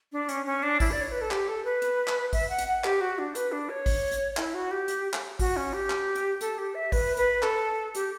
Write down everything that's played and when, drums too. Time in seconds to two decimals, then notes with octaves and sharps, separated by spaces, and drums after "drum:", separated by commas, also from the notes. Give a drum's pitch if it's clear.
0.12 D4
0.29 C#4, drum: hi-hat
0.46 C#4
0.63 D4
0.80 E4, drum: kick A1, open hi-hat
0.91 D5
1.01 C#5
1.12 B4
1.21 A4
1.31 G4, drum: clap
1.48 A4
1.65 B4
1.82 drum: hi-hat
2.08 drum: clap
2.33 E5, drum: kick A1, open hi-hat
2.50 F#5
2.59 drum: hi-hat
2.68 F#5
2.84 G4, drum: clap
3.01 F#4
3.19 D4
3.35 B4, drum: hi-hat
3.52 D4
3.70 C#5
3.86 drum: kick A1, open hi-hat
4.12 drum: hi-hat
4.37 E4, drum: clap
4.54 F#4
4.71 G4
4.88 drum: hi-hat
5.14 drum: clap
5.39 F#4, drum: kick A1, open hi-hat
5.57 C#4
5.73 G4
5.90 drum: clap
6.16 drum: hi-hat
6.41 A4, drum: hi-hat
6.58 G4
6.75 E5
6.92 B4, drum: kick A1, open hi-hat
7.17 B4, drum: hi-hat
7.43 A4, drum: clap
7.95 G4, drum: hi-hat